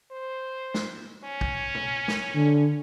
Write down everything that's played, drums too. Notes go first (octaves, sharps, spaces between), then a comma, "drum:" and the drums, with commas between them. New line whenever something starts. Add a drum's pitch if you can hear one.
C5
drum: snare
C#4
drum: kick
drum: tom
drum: snare
D3